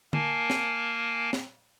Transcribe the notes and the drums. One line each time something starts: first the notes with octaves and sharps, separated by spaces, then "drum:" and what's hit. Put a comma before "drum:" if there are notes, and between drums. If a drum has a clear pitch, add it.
A#3 A#4 F5 G#5 A5, drum: tom D3
drum: snare
drum: snare